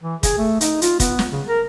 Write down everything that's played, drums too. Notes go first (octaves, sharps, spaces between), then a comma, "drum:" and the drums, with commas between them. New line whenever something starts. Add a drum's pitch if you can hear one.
E3
G#4, drum: kick, hi-hat
A3
D#4, drum: hi-hat
F4, drum: hi-hat
B3, drum: kick, hi-hat
drum: snare
C#3
A#4